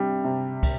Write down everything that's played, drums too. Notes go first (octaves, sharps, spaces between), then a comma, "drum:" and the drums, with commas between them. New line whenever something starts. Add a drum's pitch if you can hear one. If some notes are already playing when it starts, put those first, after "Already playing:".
Already playing: C3 G3 D4
C3
drum: kick, cymbal